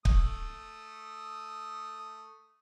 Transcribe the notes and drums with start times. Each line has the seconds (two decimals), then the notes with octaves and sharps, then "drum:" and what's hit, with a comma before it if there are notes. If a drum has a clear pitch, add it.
0.05 A3 D#6, drum: kick